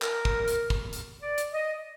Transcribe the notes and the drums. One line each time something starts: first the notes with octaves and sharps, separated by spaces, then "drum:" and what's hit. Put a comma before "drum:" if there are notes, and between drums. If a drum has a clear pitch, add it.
A#4, drum: clap
drum: kick
drum: hi-hat
drum: kick
drum: hi-hat
D5
drum: hi-hat
D#5